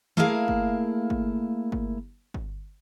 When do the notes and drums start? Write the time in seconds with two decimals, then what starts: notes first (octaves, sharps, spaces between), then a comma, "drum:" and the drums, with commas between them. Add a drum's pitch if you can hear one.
0.17 A3 A#3 E4 G#4 A#4 F5
0.48 drum: kick G1
1.10 drum: kick G1
1.72 drum: kick G1
2.34 drum: kick G1